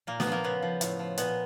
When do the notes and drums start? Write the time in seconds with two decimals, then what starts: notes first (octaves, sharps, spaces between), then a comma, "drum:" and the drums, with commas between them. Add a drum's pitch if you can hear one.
0.07 A#2 A#3
0.20 B3, drum: snare
0.26 F3
0.32 A#3
0.44 C#3 B3
0.62 F3
0.81 A2, drum: hi-hat
0.99 F3
1.17 A#2 B3, drum: hi-hat